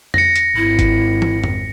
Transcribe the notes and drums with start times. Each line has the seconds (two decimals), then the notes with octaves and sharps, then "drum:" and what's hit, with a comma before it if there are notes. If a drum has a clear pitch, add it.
0.14 A#6 C#7, drum: tom F2
0.36 drum: hi-hat
0.57 G#1 E4
0.79 drum: kick G1, hi-hat
1.22 drum: tom
1.44 drum: tom F2